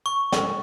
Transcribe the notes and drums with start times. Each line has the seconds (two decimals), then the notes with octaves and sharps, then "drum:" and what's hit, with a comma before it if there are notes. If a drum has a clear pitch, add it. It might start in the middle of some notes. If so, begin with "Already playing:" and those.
0.06 C#6
0.32 drum: snare